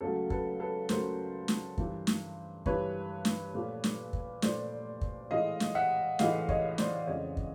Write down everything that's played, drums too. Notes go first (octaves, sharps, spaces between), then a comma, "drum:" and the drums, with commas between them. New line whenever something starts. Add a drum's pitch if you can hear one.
C#2 C#3 F#3 A3 A4
A4 B4, drum: kick
A4 B4
C#2 C#3 F#3 A3 A#4 C5, drum: snare
drum: snare
G2 E3 G3, drum: kick
drum: snare
G2 E3 G3 B4 C#5, drum: kick
drum: snare
A#2 F3 A3
drum: snare
drum: kick
A#2 F3 A3 C5 D5, drum: snare
drum: kick
A2 E3 G#3 D#5 F5
drum: snare
E5 F#5
A2 E3 G#3 D#5 F5, drum: snare
C#5 D#5, drum: kick
C5 D5, drum: snare
F2 C#3 E3 G#3 C#5 D#5
drum: kick